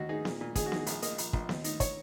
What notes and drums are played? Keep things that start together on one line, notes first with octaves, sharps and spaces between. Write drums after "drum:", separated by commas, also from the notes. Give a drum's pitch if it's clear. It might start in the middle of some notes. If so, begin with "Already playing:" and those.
Already playing: D#2 F#4
D#4 G#4
A#2, drum: snare B3
A#2
D#2 G#4, drum: kick, hi-hat
F#4
D#4 G#4, drum: snare B3
A#1 G#4, drum: hi-hat
A#3 D#5, drum: hi-hat
A#1, drum: hi-hat
A#1, drum: kick
D#2, drum: snare B3
D#4, drum: hi-hat
C#5, drum: kick, hi-hat